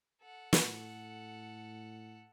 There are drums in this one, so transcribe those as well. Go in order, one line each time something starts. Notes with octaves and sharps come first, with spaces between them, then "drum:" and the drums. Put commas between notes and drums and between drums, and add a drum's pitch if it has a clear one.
A4 F#5
drum: snare
A2